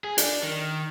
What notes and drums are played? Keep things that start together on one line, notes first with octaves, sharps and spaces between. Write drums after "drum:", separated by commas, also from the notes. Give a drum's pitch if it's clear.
G#4
D4, drum: hi-hat
D#3